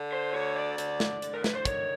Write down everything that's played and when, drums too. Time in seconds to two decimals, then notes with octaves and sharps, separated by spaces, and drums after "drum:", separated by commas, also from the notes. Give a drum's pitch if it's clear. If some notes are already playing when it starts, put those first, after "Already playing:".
Already playing: D3
0.13 C5
0.34 D2 C#5
0.56 D5
0.78 D3, drum: hi-hat
1.00 drum: snare
1.22 D3, drum: hi-hat
1.34 A#4
1.44 B4, drum: snare
1.55 C5
1.65 D#3 C#5, drum: kick, hi-hat